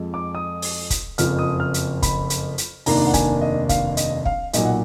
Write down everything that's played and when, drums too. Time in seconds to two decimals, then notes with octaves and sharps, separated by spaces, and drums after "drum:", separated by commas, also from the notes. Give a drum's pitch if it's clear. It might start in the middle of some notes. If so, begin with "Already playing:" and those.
Already playing: F2 F3 G#3
0.14 D6
0.35 D#6
0.62 drum: open hi-hat
0.90 drum: kick, hi-hat
1.18 F#1 F2 F3 F6, drum: hi-hat
1.39 D#6
1.60 F6
1.74 drum: hi-hat
2.02 B5, drum: kick, hi-hat
2.30 drum: hi-hat
2.58 drum: hi-hat
2.86 F1 D#2 D#3 A#3 D4 A#5, drum: open hi-hat
3.06 F#5
3.14 G#5, drum: kick, hi-hat
3.41 D#5
3.69 F5, drum: kick, hi-hat
3.97 D#5, drum: hi-hat
4.25 F5, drum: kick
4.53 B1 A#2 F#3 D#5, drum: hi-hat
4.65 F#5